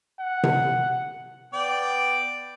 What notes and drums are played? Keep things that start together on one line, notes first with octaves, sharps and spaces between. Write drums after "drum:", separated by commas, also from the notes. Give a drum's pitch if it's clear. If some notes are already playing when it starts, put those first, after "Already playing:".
F#5
drum: tom C3
B3 D5 G5